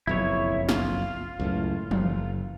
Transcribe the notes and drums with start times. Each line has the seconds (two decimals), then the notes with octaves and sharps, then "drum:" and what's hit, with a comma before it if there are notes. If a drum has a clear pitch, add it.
0.07 F#1 B1 F2 E4 C#5
0.69 F4, drum: snare
1.39 C#2 F#2 A2
1.91 F#1, drum: tom E3